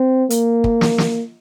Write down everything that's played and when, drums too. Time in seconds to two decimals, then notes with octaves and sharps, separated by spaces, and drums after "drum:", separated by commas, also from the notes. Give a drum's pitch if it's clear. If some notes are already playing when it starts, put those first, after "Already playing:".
Already playing: C4
0.30 A#3, drum: hi-hat
0.64 drum: kick
0.81 drum: snare
0.98 drum: snare